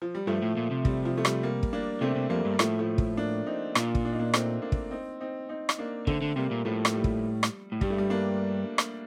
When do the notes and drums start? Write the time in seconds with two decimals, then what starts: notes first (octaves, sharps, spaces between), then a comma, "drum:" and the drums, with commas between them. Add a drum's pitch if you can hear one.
0.02 F3
0.15 G3
0.27 G2 F3 A3
0.42 A2
0.57 A#2
0.71 C3
0.85 G3, drum: kick
1.05 F3
1.17 A3
1.25 G3, drum: rim click
1.43 G3 A#3
1.63 drum: kick
1.73 A#3 D4
2.01 C3 A3 C4
2.16 C3
2.30 F2 G3 A#3
2.45 G2
2.54 G3
2.59 A2 F3 A3, drum: rim click
2.79 F3 A3
2.98 drum: kick
3.17 A#3 D4
3.46 C4 D#4
3.75 A#2 D4 F4, drum: rim click
3.95 drum: kick
4.05 D4
4.12 D#4
4.19 A#3 D4
4.34 A3 C4, drum: rim click
4.62 A#3 D4
4.72 drum: kick
4.91 C4 D#4
5.21 C4 D#4
5.49 C4 D#4
5.69 drum: rim click
5.79 A#3 D4
6.07 D3 A3 C4, drum: kick
6.22 D3
6.36 C3 G3 A#3
6.51 A#2
6.65 A2 F3 A3
6.85 drum: rim click
6.94 G3
7.04 drum: kick
7.43 drum: rim click
7.72 A2
7.81 G2 G3, drum: kick
7.90 A3
7.98 G3
8.10 A#3 D4
8.78 drum: rim click